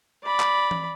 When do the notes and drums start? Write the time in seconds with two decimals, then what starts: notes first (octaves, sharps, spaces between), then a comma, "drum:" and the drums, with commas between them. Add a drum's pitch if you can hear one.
0.24 D5 B5
0.40 drum: clap
0.71 drum: tom E3